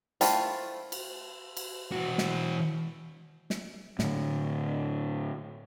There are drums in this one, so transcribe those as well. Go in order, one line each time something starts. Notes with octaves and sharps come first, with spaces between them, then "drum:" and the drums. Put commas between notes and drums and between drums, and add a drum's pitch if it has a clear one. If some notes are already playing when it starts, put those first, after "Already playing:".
A3 E4 F4 C5 G5 A5, drum: hi-hat
drum: cymbal
drum: cymbal
E3 F#4
drum: snare
drum: snare
A2 D3, drum: snare